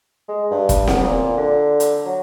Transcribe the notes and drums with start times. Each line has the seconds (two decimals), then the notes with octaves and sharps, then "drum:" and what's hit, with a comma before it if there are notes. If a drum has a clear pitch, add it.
0.29 G#3
0.51 G2
0.69 drum: kick F1, hi-hat
0.87 B3, drum: snare C4
1.03 A#2
1.37 D3
1.80 drum: hi-hat
2.06 F#3